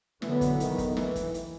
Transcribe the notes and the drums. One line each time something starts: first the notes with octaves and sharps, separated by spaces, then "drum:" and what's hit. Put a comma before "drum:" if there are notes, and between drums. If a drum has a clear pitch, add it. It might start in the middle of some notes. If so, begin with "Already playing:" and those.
D3 E3 F#3 B3, drum: snare
drum: kick, hi-hat
D#3, drum: hi-hat
drum: kick, hi-hat
E3, drum: snare
drum: kick, hi-hat
drum: hi-hat